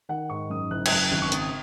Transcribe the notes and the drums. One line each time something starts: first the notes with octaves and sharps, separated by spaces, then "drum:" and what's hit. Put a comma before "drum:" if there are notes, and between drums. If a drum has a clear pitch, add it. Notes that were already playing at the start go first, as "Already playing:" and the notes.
D#3 F#5
G#2 C#6
F#2 D#6
F#1 F#6
G#6, drum: cymbal
F#2 F#6
G#1 F#6
C#6
C#3 D#6, drum: hi-hat